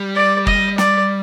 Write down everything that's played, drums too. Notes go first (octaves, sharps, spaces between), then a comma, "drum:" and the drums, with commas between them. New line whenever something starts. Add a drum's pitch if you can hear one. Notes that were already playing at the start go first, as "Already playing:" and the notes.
Already playing: G3
D5
D#5, drum: kick
D5, drum: snare